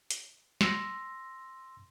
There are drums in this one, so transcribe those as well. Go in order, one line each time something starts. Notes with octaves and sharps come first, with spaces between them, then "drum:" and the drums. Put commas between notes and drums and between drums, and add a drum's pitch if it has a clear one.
drum: hi-hat
C6 E6 A#6, drum: snare